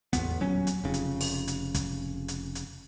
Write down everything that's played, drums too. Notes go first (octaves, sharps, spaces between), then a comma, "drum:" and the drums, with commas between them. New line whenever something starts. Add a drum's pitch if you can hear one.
A1 E2 B3, drum: kick, hi-hat
D#1 F#3 C#4
drum: hi-hat
F1 C#3
drum: hi-hat
drum: open hi-hat
drum: hi-hat
drum: kick, hi-hat
drum: hi-hat
drum: hi-hat